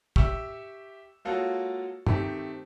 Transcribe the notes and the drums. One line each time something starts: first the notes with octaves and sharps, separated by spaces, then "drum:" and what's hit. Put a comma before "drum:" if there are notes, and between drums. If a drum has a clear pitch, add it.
G4 E5 C#6 E6, drum: kick
G#3 A#3 F4 F#4 A4 C#5
D#3 A3 C4 G4, drum: tom